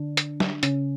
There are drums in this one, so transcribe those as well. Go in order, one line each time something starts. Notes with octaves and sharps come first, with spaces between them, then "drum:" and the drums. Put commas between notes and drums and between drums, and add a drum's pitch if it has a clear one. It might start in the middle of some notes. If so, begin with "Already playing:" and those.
Already playing: D3 D4
drum: hi-hat
drum: snare
C#3 C#4, drum: hi-hat